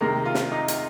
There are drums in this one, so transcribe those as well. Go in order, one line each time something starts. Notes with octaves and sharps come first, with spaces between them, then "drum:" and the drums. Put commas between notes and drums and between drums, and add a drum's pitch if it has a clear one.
C3 D#3 G#3 A#4
F4
drum: snare
D#4
drum: hi-hat